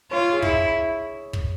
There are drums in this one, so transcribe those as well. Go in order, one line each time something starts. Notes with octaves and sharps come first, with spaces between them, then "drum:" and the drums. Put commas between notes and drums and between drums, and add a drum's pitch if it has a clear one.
F4 C#5
G#4
E4, drum: kick
drum: kick